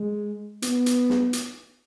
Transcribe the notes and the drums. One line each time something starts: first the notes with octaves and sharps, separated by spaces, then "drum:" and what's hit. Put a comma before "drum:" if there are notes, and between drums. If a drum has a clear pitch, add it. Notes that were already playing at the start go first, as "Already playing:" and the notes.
Already playing: G#3
B3, drum: hi-hat
drum: hi-hat
drum: snare
drum: hi-hat